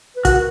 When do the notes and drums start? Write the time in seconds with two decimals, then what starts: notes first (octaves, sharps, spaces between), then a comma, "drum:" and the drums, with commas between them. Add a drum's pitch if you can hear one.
0.16 B4
0.25 F#4 A#4, drum: kick, hi-hat